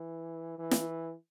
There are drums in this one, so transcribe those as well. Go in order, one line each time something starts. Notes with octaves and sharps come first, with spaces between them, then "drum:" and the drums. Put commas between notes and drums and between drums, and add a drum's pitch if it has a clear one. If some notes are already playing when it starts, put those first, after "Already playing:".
Already playing: E3
E3
drum: snare